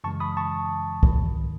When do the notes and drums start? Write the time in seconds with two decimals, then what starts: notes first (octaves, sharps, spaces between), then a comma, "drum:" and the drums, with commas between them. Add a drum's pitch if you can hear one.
0.04 F#2 C#3 E3 G#3 A5 C#6
0.20 B5 D#6
0.37 A5 C#6
1.03 G#1 G#2 D#3, drum: kick